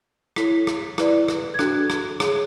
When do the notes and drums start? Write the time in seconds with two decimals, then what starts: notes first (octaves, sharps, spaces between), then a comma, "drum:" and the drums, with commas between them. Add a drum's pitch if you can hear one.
0.36 E4 A4 C#5 B6, drum: rim click
0.67 drum: rim click
0.98 E4 B4 D5, drum: rim click
1.28 drum: rim click
1.54 G#6
1.59 D4 F#4 A4 F#6, drum: rim click
1.90 drum: rim click
2.20 G#4 C#5, drum: rim click